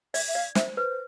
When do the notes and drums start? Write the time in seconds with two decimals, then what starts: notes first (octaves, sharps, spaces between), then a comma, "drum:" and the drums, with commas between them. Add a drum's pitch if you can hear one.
0.14 D5 E5, drum: open hi-hat
0.28 E5
0.34 D5 F5
0.55 C5 E5, drum: snare
0.77 B4 C5